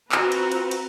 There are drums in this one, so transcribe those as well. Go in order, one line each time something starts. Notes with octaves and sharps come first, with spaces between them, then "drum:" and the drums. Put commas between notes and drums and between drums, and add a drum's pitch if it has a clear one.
C4 F4 F#4 B4 A#5, drum: clap
drum: cymbal
drum: cymbal
drum: cymbal